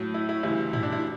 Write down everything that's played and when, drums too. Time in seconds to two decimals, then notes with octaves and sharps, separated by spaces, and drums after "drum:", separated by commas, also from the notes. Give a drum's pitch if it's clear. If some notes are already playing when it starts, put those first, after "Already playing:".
Already playing: A2 F#3
0.14 E4
0.29 E4
0.43 D2 C#3 E3 G3 E4
0.73 E4, drum: tom
0.83 D4
0.92 E4